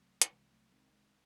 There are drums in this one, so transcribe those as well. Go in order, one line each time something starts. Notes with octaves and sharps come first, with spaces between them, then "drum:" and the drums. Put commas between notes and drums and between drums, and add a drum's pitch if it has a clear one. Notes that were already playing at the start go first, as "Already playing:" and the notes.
Already playing: C2 C3 F#3 A3
drum: hi-hat
C2 E3 G#3
F#3 A3
D#3 G#3 C4
G#3 C4